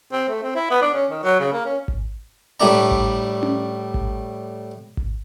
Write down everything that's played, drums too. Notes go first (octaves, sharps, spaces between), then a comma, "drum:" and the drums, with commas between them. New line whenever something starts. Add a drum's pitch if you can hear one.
C4
A3
C4
E4
B3
D4
C#4
D#3
F#3
C#3
A#3
C#4
drum: kick G#1
A2 G3 A3 D4 A#5
drum: kick G#1
drum: tom C#4
drum: kick G#1
drum: kick G#1